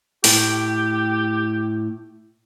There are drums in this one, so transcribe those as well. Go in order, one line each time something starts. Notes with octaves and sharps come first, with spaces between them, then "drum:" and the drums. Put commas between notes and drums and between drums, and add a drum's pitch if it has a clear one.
A2 G4 G5, drum: open hi-hat